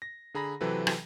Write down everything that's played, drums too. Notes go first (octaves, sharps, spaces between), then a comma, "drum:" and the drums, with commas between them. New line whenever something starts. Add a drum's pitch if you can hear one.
A#6
D3 G#4 A#5 B5 A#6
C3 E3 F#3 C4 A4 B4
drum: rim click